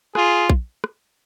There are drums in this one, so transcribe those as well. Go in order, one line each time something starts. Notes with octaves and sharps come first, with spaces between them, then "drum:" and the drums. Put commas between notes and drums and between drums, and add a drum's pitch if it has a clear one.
F4 G#4, drum: rim click
drum: kick
drum: rim click